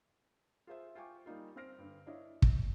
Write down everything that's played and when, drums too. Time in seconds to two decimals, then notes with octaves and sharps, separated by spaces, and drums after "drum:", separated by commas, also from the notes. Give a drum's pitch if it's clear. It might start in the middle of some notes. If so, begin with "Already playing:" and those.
0.67 F4 G#4 C5 E5
0.95 F4 G5 G#5 C#6 D6
1.26 G3 A#3 D#4 F4
1.56 C4 C5 F6 A#6 D7
1.79 G2 D3
2.07 D4 E4 C#5 D#5 F5
2.42 drum: kick